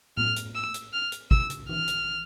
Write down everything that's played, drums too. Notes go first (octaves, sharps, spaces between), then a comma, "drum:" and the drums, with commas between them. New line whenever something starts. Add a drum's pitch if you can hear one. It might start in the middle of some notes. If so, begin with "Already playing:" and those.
F6, drum: tom A2
drum: hi-hat
E6
drum: hi-hat
F6
drum: hi-hat
E6, drum: kick
drum: hi-hat
F6, drum: tom E3
drum: hi-hat